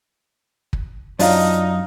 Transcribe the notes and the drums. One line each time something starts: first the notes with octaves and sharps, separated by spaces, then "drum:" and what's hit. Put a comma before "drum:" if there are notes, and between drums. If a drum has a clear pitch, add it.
drum: kick
F#2 D4 D#4 F4 D#5 F5, drum: open hi-hat